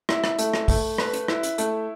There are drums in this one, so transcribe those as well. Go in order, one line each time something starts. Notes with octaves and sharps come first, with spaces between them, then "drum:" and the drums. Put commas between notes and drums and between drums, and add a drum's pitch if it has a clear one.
E4, drum: rim click
drum: rim click
A3, drum: hi-hat
drum: rim click
A3, drum: kick, open hi-hat
B4, drum: rim click
drum: hi-hat
E4, drum: rim click
drum: hi-hat
A3, drum: hi-hat